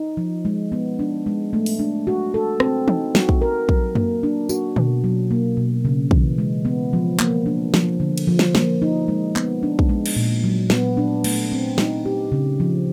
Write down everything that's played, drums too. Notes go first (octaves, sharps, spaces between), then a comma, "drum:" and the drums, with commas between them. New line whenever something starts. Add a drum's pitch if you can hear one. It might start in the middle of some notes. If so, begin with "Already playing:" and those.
Already playing: D#4
F3
G#3
B3
D4
G#3
A3
drum: open hi-hat
D4
F#4
A4
C4, drum: rim click
D#4, drum: tom
F#4, drum: snare
drum: kick
A#4
F#3, drum: kick
A#3, drum: tom F#2
D4
F#4, drum: tambourine
B2, drum: tom D3
F#3
A#3
B2
C#3
E3, drum: kick
G#3
B3
F3
A#3, drum: clap
D4
F3, drum: snare
D3
drum: cymbal
F3
drum: snare
A#3, drum: snare
D#4
G#3
B3, drum: clap
D4
drum: kick
G#3
drum: cymbal
A#2
F#3
B3, drum: snare
D4
A3, drum: cymbal
C4
D#4, drum: snare
G4
C#3
F3